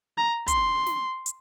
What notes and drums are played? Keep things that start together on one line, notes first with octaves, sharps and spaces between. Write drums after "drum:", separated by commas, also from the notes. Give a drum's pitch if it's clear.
A#5
C6, drum: kick, hi-hat
drum: snare
drum: hi-hat